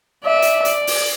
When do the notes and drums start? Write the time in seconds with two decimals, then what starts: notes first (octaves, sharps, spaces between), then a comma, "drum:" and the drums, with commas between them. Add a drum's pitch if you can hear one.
0.24 D5 E5
0.42 drum: hi-hat
0.65 D5, drum: hi-hat
0.87 drum: open hi-hat